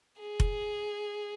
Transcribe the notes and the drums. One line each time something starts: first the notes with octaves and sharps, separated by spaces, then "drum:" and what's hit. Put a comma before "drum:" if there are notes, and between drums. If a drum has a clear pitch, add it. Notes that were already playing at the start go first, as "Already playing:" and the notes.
G#4
drum: kick F1